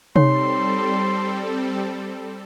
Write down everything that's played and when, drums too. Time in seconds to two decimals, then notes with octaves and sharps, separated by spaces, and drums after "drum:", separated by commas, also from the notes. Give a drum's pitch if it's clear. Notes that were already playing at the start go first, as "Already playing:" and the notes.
0.16 G3 C4 D#4 A4 C#5 C6, drum: tom C3